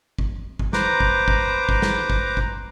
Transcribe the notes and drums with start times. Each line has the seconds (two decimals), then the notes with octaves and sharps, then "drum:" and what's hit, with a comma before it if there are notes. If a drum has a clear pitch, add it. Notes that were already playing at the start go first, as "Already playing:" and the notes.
0.19 drum: kick
0.59 drum: kick
0.73 B4 C5 A#5 D6, drum: snare
1.00 drum: kick
1.28 drum: kick
1.69 drum: kick
1.82 drum: snare
2.10 drum: kick
2.37 drum: kick